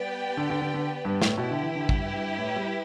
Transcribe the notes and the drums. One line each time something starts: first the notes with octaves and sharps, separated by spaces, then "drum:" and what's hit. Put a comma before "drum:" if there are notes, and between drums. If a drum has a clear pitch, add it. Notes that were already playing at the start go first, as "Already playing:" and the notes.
Already playing: G3 B3 G4 B4 D5 G5
D3
D3
D3
D3
G2
A2, drum: snare
B2 E4 G4 B4
D3
E3
D3
G2, drum: kick
G2
A2
G3